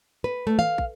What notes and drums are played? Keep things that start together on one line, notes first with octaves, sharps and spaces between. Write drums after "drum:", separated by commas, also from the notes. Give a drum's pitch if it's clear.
B4
A3
F5, drum: tom D#3
drum: kick